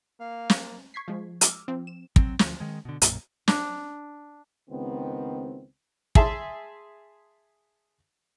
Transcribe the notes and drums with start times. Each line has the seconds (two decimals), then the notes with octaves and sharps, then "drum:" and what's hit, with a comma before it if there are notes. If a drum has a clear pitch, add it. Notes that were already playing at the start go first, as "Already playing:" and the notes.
0.20 A#3 F5
0.50 drum: snare
0.94 C#6 G#6 B6 C7
1.08 F3 G#3
1.41 D6 E6 F6, drum: hi-hat
1.68 F3 C4
1.87 E7
2.16 F#3 C4, drum: kick
2.39 D2 F3, drum: snare
2.60 D#3 G#3
2.85 B2 D3
3.02 B1 F#2 A#2, drum: hi-hat
3.48 D4, drum: snare
4.70 C#2 D#3 B3 C4
6.15 G#4 E5 A5 C6, drum: kick